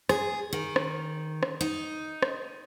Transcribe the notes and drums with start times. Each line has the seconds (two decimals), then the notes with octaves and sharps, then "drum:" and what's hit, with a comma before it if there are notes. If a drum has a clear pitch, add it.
0.09 G#4, drum: rim click
0.53 D#3
0.76 drum: rim click
1.43 drum: rim click
1.61 D#4
2.22 drum: rim click